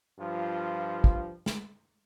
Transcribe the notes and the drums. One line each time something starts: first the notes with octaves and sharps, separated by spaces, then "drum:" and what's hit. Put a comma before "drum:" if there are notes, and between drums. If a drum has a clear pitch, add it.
G2 F3 F4
drum: kick
drum: snare